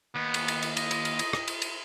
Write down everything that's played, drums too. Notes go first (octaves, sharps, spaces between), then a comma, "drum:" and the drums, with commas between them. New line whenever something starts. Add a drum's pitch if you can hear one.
D#2 B3
drum: cymbal
drum: cymbal
drum: cymbal
D#5, drum: cymbal
drum: cymbal
drum: cymbal
drum: cymbal
drum: rim click
drum: cymbal
drum: cymbal